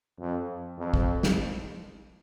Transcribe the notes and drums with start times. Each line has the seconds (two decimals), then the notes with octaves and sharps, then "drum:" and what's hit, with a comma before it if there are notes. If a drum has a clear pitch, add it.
0.20 F2
0.79 F2
0.94 drum: kick
1.23 drum: snare